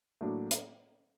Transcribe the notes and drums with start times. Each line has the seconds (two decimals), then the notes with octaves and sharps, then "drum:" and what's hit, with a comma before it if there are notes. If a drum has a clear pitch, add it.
0.21 A2 F#3 A#3 D4
0.51 drum: hi-hat